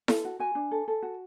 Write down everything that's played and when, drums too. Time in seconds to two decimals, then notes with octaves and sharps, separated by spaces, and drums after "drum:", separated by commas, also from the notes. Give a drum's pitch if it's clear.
0.08 A4, drum: snare E4
0.25 F#4
0.39 F#4 G#5
0.55 D4
0.71 A4
0.88 A4
1.03 F#4